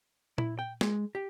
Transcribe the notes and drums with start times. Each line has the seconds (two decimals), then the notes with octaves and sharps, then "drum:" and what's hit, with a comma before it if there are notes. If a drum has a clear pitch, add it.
0.38 E4, drum: tom A#2
0.59 G5
0.81 G#3, drum: snare
1.15 G4